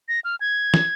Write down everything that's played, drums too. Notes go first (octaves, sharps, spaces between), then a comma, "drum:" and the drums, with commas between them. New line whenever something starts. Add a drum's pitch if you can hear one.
A#6
F6
G#6
drum: snare